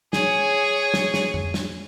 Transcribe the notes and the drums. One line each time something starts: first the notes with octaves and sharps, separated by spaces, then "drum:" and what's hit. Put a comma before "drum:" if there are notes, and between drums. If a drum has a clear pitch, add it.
G#4 C#5, drum: snare
drum: snare
drum: snare
drum: tom F2
drum: snare